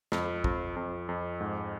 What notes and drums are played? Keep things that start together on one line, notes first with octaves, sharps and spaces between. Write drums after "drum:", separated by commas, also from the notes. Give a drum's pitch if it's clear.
F2, drum: snare
F2, drum: kick
F2
F2
G#2